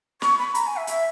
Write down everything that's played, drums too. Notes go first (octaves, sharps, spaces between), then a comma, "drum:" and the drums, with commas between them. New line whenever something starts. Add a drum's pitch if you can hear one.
C#6, drum: snare
B5
A#5, drum: hi-hat
G#5
E5
E5, drum: hi-hat